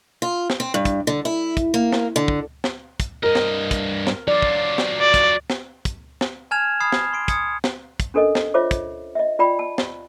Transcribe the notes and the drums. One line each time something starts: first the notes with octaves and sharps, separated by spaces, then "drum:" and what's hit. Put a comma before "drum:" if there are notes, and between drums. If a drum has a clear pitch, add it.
F4
drum: snare
C4
G2
drum: kick, hi-hat
D3
E4
drum: kick, hi-hat
A#3
drum: snare
D3
drum: kick
drum: snare
drum: kick, hi-hat
G2 A#4 D#5
drum: snare
drum: kick, hi-hat
drum: snare
F#3 F4 D5
drum: kick
drum: snare
D5
drum: kick, hi-hat
drum: snare
drum: kick, hi-hat
drum: snare
G#5 A5 F6 G#6 E7 F7
B5 D#6 F6 G#6 C7
drum: snare
C6 C7 D7
D#6 G#6 C#7, drum: kick, hi-hat
drum: snare
drum: kick, hi-hat
C#4 D4 A4 A#4 D#5
drum: snare
F4 C5 C#5 E5 D6
drum: kick, hi-hat
D#5 E5
F4 D5 G5 B5
A5
drum: snare